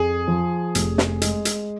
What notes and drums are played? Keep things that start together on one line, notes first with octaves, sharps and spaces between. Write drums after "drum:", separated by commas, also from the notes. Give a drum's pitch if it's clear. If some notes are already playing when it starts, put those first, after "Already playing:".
Already playing: F2 G#4
F3
F1, drum: hi-hat
drum: snare
G#3, drum: hi-hat
drum: hi-hat